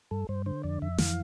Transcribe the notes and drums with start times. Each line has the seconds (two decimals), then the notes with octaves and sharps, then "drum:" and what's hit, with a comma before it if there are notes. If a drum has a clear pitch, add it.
0.11 G2 A4
0.29 G2 C5
0.46 D3 C5
0.63 F2 D5
0.82 F2 E5
0.98 E3 F5, drum: snare